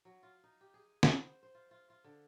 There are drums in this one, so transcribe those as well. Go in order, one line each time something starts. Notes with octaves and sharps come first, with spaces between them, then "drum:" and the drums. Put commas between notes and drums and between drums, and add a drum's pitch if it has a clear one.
F#3
F4
D#4
G4
G#4
B3, drum: snare
C5
C5
F4
F4
F4
D3